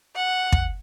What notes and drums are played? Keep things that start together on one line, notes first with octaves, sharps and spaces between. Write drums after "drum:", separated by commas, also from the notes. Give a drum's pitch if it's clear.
F#5
drum: kick